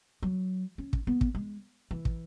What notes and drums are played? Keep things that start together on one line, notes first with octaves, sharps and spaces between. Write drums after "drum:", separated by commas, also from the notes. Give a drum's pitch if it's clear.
F#3
C#4
drum: kick
B3
drum: kick
G#3
E3
drum: kick